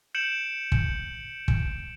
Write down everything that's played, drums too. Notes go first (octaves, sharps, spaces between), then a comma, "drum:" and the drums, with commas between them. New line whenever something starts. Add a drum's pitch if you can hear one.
G6 C#7 D7 E7 F#7
drum: kick
drum: kick